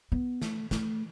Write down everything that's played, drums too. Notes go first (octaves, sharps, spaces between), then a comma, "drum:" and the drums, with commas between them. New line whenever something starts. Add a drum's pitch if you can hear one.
B3
A3, drum: snare
A3, drum: snare